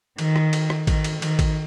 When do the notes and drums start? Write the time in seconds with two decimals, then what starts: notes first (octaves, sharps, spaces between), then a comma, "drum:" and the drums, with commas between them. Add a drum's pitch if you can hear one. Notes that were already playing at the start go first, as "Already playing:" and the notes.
0.18 D#3, drum: cymbal
0.36 drum: rim click
0.53 drum: cymbal
0.70 drum: rim click
0.87 D#3, drum: kick A1, cymbal
1.04 drum: cymbal
1.22 D#3, drum: cymbal
1.39 drum: kick A1, cymbal